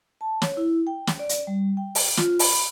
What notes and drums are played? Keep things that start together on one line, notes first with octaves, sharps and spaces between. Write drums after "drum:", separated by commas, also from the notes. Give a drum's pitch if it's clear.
A5
C#5, drum: snare
E4
G5
drum: snare
D5
drum: hi-hat
G3
G5
drum: open hi-hat
F4, drum: snare
B5, drum: open hi-hat